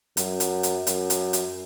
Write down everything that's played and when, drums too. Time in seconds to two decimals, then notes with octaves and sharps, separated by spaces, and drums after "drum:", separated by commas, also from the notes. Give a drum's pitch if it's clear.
0.17 F#2, drum: hi-hat
0.40 drum: hi-hat
0.63 drum: hi-hat
0.87 F#2, drum: hi-hat
1.10 drum: hi-hat
1.33 drum: hi-hat